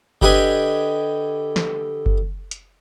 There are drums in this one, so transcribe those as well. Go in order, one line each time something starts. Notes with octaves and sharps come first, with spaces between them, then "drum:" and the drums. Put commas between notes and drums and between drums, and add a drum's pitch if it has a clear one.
D3 G4 B4 D#5 G#5, drum: kick F#1
drum: snare
drum: kick F#1
drum: hi-hat